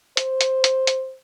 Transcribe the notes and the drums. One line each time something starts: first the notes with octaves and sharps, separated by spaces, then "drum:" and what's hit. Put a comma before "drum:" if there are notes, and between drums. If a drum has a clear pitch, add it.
C5, drum: hi-hat
drum: hi-hat
drum: hi-hat
drum: hi-hat